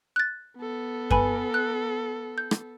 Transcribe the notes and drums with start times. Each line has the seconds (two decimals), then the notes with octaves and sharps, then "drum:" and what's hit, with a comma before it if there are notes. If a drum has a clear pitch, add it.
0.16 F#6 A6
0.58 B3 A4
1.11 B4 G#5 B5, drum: kick F#2
1.54 F#6
2.38 G6
2.51 drum: rim click